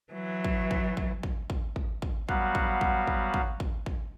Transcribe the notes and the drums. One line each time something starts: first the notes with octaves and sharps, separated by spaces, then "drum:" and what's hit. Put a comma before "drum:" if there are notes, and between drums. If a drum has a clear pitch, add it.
E3 F#3
drum: kick
drum: kick
drum: kick
drum: kick
drum: kick
drum: kick
drum: kick
F#3 G3 B3 F#4 F5 F#5, drum: kick
drum: kick
drum: kick
drum: kick
drum: kick
drum: kick
drum: kick